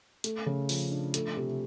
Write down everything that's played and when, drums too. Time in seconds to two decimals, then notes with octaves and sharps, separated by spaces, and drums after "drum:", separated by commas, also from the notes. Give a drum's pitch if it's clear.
0.24 A3, drum: hi-hat
0.46 C#3
0.69 F3, drum: open hi-hat
0.91 D4
1.14 A3, drum: hi-hat
1.37 C3